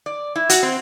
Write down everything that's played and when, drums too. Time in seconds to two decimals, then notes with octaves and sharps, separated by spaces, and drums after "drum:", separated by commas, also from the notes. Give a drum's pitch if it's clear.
0.06 D5
0.36 E4
0.50 F#4, drum: hi-hat
0.63 C4